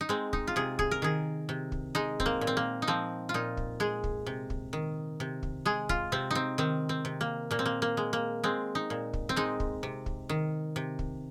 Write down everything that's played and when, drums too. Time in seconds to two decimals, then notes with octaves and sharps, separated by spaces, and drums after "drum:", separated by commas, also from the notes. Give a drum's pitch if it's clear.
0.01 D#4
0.09 G#3 C4
0.33 D#4, drum: kick
0.47 F4
0.56 C3 G#4
0.79 G#4, drum: kick
0.91 A#4
1.02 D#3 G#4
1.49 C3
1.72 drum: kick
1.95 G#3 D#4
2.20 C4, drum: kick
2.26 A#3
2.41 A#2
2.47 C4
2.57 A#3
2.82 D#4
2.88 F3 C4
3.29 F4
3.34 A#2 D#4
3.57 drum: kick
3.80 G#3 G#4
4.04 drum: kick
4.26 C3
4.50 drum: kick
4.73 D#3
5.20 C3
5.43 drum: kick
5.65 G#3 G#4
5.89 F4, drum: kick
6.12 C3 C4
6.31 C4 D#4
6.58 D#3 C4
6.89 C4
7.05 C3
7.21 A#3
7.51 A#2 A#3
7.59 C4
7.66 A#3
7.82 A#3
7.97 G#3
8.13 A#3
8.44 G#3 C4
8.75 D#4
8.90 A#2
9.13 drum: kick
9.29 C4
9.36 G#3 D#4
9.60 drum: kick
9.83 C3
10.06 drum: kick
10.29 D#3
10.76 C3
10.99 drum: kick